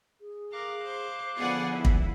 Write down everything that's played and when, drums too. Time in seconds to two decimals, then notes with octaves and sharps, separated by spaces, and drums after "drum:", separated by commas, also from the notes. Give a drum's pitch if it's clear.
0.21 G#4
0.53 A#4 F5 D6 F#6
0.83 C5
1.37 D3 F3 B3 G#4 D5 F#5 G#5
1.71 E4
1.85 drum: kick